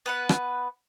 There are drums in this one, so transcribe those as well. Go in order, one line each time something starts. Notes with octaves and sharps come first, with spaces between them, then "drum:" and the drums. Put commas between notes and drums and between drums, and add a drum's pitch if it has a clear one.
B3 B4 F#5
drum: rim click